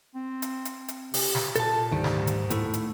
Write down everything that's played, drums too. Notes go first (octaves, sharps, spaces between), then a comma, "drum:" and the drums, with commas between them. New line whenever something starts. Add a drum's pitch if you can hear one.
C4
drum: hi-hat
drum: hi-hat
drum: hi-hat
C3, drum: open hi-hat
drum: snare
A#2 A4 A5, drum: hi-hat
D2 G#2 D#3 G3
drum: snare
drum: hi-hat
A2 A3, drum: hi-hat
drum: hi-hat